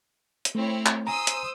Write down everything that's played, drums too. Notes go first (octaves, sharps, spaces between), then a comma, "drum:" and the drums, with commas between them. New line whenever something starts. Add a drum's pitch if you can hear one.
drum: hi-hat
A3 C4 E4 C#5
drum: clap
C5 G#5 A#5 D#6 E6
drum: hi-hat